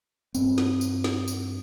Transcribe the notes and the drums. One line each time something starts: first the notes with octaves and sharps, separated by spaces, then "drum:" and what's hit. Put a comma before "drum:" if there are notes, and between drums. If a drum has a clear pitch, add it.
G2 C4, drum: tambourine
drum: snare
drum: tambourine
drum: snare
drum: tambourine